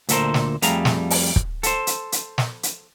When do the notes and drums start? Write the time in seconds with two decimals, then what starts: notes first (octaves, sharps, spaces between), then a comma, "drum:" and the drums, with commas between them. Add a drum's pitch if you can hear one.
0.09 D2 A#2 A4 A#4 C5, drum: hi-hat
0.34 drum: snare
0.62 F2 G3 A3 G#4 F5 A#5, drum: hi-hat
0.85 drum: snare
1.10 drum: open hi-hat
1.36 drum: kick
1.63 A4 C5, drum: hi-hat
1.87 drum: hi-hat
2.12 drum: hi-hat
2.38 drum: snare
2.63 drum: hi-hat